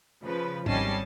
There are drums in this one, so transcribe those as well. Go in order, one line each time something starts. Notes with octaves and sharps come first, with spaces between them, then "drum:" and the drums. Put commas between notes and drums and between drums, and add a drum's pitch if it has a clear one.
C#3 F3 B4
G#1 G3 C#4 D#5 A5 C7, drum: tom G#2